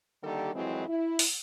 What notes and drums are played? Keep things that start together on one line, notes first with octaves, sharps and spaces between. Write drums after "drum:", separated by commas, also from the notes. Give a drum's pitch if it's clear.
D3 D#3 G3 A#3 G4 A4
F2 E3 F#3 G#3 C4 E4
E4
drum: open hi-hat